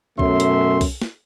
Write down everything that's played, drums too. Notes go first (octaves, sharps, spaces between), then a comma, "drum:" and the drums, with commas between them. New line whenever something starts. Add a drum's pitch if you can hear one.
F#2 B2 A3 C#4 E5 C6, drum: kick B1
drum: hi-hat
drum: kick B1, open hi-hat
drum: snare